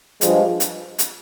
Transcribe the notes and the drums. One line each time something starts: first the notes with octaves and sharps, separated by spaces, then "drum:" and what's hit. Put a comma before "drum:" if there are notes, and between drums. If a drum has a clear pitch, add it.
G2 F3 G#3, drum: hi-hat
drum: hi-hat
drum: hi-hat